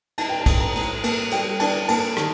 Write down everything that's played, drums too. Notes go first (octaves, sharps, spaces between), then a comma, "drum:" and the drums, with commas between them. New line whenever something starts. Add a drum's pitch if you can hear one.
D#4 A5, drum: cymbal
G5
A5
A3, drum: kick, cymbal
A#5
A2, drum: cymbal
A#3 A5, drum: cymbal
G3 G5, drum: cymbal
D4 A5, drum: cymbal
A#3 A5, drum: cymbal
D#3, drum: rim click